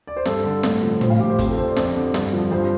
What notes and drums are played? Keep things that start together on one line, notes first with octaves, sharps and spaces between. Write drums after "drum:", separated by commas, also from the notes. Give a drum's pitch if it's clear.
D5
C5
G2 A4, drum: snare
D3
A2, drum: snare
F3
A2 C5, drum: tom
F5
F3 G4
C5
F2 G4, drum: kick, hi-hat
A4
C3 C5
D5
F2, drum: snare
D3
G2, drum: snare
F3
G2 C5